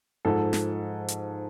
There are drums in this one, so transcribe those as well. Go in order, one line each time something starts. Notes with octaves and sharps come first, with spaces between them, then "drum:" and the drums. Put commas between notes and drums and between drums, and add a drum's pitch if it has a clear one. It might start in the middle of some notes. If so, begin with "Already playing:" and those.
G#2 F3 A4
drum: snare
drum: hi-hat